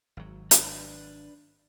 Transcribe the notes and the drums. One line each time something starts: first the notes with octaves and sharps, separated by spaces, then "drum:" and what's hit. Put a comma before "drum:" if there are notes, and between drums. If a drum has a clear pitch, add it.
G#1 F#3
D4 B4, drum: hi-hat